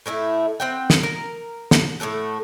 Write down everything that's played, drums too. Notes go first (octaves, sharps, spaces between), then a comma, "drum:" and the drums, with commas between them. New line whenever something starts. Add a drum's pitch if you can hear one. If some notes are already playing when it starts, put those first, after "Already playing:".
A2 A3 D4 E4
C4 F#5 G5
drum: snare
A#4
drum: snare
A2 C3 A3 F#5